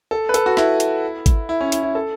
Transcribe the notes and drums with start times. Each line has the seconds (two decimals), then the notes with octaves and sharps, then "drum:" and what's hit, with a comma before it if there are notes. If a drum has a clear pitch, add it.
0.11 A4
0.29 B4
0.34 A4, drum: hi-hat
0.46 F#4
0.57 E4, drum: snare
0.80 drum: hi-hat
1.26 drum: kick G#1, hi-hat
1.49 E4
1.61 C#4
1.72 E4, drum: hi-hat
1.83 E4
1.95 A4